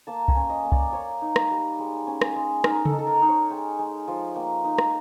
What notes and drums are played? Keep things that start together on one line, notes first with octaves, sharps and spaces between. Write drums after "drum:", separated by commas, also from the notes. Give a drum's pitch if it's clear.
A#3 A5
G#5, drum: kick
C#4
D#5
A#3
D5, drum: kick
A#3 C#5
D#4
drum: rim click
G3
G#3
C#4
drum: rim click
G#3
D#4 A#4, drum: rim click
A4, drum: tom C#3
D#4
A4
A#4
D#4
C#5
G#3 G5
G#3
F3
A#3 G5
D#4
drum: rim click